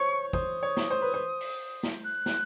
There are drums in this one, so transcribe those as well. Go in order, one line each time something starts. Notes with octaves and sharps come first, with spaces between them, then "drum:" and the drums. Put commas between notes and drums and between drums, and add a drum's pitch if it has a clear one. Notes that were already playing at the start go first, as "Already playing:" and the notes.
Already playing: C5 C#5 C#6
C5 D#6, drum: kick
C#5
drum: snare
C5
B4
C5
drum: open hi-hat
drum: snare
F#6
drum: snare